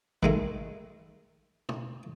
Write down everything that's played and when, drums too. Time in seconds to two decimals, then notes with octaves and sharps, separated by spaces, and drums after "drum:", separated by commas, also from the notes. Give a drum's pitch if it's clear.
0.23 D#3 G#3 A3, drum: kick
1.69 drum: tom